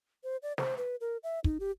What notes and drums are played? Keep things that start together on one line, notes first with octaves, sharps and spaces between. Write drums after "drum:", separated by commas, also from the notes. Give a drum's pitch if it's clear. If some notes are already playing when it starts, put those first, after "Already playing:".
C5
D5
C5, drum: snare
B4
A#4
E5
D#4, drum: kick
G4